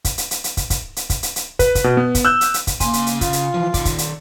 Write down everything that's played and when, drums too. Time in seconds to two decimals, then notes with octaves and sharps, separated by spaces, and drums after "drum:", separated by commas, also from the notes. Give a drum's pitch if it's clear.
0.05 drum: kick, hi-hat
0.18 drum: hi-hat
0.31 drum: hi-hat
0.44 drum: hi-hat
0.57 drum: kick, hi-hat
0.70 drum: kick, hi-hat
0.96 drum: hi-hat
1.10 drum: kick, hi-hat
1.23 drum: hi-hat
1.36 drum: hi-hat
1.59 B4, drum: kick, hi-hat
1.75 drum: kick, hi-hat
1.84 B2
1.97 B3
2.15 drum: kick, hi-hat
2.25 E6 F#6 G6
2.41 drum: hi-hat
2.54 drum: hi-hat
2.67 drum: kick, hi-hat
2.80 C#3 A#3 G#5 C6, drum: kick, hi-hat
2.93 drum: hi-hat
3.06 drum: hi-hat
3.21 F4 F5, drum: kick, hi-hat
3.33 drum: hi-hat
3.54 E3 F3
3.74 D#3 D5, drum: kick, hi-hat
3.85 drum: kick, hi-hat
3.98 drum: hi-hat